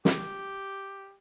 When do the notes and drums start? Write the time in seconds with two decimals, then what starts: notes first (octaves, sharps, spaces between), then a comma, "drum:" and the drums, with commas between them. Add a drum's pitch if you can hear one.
0.05 G4, drum: snare